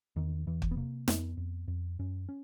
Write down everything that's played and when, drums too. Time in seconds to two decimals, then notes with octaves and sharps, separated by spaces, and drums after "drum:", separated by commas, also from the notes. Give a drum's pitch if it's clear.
0.16 E2 D#3
0.47 E2 E3
0.62 drum: kick
0.71 B3
0.76 C3 A#3
1.08 F2 B3, drum: snare
1.37 F2
1.68 F2
1.99 F#2 C#4
2.29 C#4